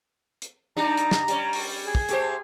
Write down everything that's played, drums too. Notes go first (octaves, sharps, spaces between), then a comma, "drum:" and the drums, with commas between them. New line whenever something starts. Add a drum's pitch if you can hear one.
drum: hi-hat
G3 D4 D#4 A#5
drum: hi-hat
drum: snare
G3 C#4, drum: hi-hat
drum: open hi-hat
G#4
drum: kick
A3 G4 C5, drum: hi-hat